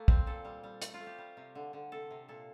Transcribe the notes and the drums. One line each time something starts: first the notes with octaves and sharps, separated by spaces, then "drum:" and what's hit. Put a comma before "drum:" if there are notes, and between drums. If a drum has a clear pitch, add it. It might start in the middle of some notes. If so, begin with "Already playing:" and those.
Already playing: A3 A#3
G3 C4, drum: kick
A#2 A4
G3
G3
A3, drum: hi-hat
F4
A3
G4
G3
C3
D3
D3
C3 A4
C3
A#2 A4